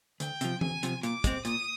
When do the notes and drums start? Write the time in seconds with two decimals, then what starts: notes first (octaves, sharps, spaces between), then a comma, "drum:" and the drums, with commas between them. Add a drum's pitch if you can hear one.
0.20 D2 G5, drum: hi-hat
0.41 C3 F3, drum: hi-hat
0.61 D2 G#5, drum: tom E3
0.83 C3 F3, drum: hi-hat
1.03 A#2 D6, drum: hi-hat
1.24 G#3 C4, drum: kick, hi-hat
1.45 A#2 D#6, drum: hi-hat